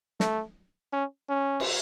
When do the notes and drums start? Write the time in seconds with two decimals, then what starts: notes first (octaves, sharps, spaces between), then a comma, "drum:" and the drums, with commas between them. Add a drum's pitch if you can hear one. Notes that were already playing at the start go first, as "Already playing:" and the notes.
0.20 A3, drum: snare
0.93 C#4
1.29 C#4
1.60 drum: cymbal